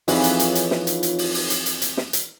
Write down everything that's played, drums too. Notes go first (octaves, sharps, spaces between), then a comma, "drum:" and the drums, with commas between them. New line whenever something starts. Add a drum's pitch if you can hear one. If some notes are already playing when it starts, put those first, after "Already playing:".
F2 E3 D#4 F4 G#4 B4 C#5, drum: open hi-hat
drum: hi-hat
drum: hi-hat
drum: hi-hat
drum: snare
drum: hi-hat
drum: hi-hat
drum: open hi-hat
drum: open hi-hat
drum: hi-hat
drum: hi-hat
drum: hi-hat
drum: snare
drum: hi-hat